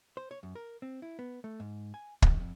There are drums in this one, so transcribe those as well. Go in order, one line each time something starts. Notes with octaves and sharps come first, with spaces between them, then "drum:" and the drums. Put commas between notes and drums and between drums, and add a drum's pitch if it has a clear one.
C5
C#5
F#2
A#4
C4
E4
B3
A3
G#2
G#5
D#3, drum: kick
F2